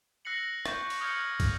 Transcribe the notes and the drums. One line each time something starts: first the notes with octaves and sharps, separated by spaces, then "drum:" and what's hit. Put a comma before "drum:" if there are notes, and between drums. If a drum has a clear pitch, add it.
E6 F#6 A#6 C7 C#7 F#7
C#6 D6 G6, drum: rim click
drum: cymbal
D#6 F6 G6 G#6 C#7 F#7
drum: kick, cymbal